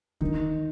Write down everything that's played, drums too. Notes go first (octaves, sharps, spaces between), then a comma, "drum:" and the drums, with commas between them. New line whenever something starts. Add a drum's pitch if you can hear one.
D#3 D#4, drum: kick